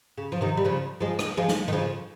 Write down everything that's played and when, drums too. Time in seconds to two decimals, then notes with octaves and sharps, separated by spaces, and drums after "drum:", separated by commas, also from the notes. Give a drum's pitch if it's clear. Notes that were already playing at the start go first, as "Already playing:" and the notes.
0.18 C#3
0.32 F3
0.41 C3 D#3
0.57 G3
0.65 C#3 F3
1.01 F3 G#3
1.19 drum: rim click
1.37 F3 G#3
1.48 drum: snare
1.68 D#3
1.73 C#3 F3